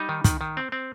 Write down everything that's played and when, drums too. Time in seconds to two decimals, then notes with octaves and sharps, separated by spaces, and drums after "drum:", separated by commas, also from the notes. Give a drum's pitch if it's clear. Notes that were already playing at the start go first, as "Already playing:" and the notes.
Already playing: G3 D#4
0.09 D#3
0.24 D#3, drum: kick, hi-hat
0.41 D#3
0.57 C4
0.72 C4